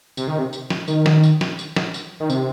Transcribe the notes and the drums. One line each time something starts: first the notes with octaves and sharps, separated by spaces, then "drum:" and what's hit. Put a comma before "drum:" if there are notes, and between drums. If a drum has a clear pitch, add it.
C3, drum: tambourine
D#3
C3
drum: tambourine
drum: snare
D#3, drum: tambourine
drum: snare
drum: tambourine
drum: snare
drum: tambourine
drum: snare
drum: tambourine
D#3
C3, drum: tambourine